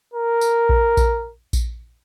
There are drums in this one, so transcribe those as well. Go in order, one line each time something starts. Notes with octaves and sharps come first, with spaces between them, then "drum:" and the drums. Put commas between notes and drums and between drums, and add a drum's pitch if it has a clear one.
A#4
drum: tambourine
drum: kick A#1
drum: kick A#1, tambourine
drum: kick A#1, tambourine